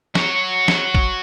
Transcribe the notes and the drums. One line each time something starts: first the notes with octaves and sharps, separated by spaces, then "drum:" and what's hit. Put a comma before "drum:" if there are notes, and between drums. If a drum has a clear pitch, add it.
F#4 C#5, drum: snare
drum: snare
drum: kick A1